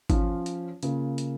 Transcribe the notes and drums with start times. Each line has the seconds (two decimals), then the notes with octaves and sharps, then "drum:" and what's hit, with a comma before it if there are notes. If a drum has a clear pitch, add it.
0.10 F3 C#4 F4, drum: kick G#1, hi-hat
0.46 drum: hi-hat
0.83 C#3 A#3 F4 A#4, drum: hi-hat
1.18 drum: hi-hat